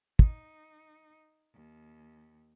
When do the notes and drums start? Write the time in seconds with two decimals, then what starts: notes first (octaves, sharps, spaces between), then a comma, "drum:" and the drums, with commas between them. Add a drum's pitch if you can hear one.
0.19 D#4, drum: kick
1.54 D#2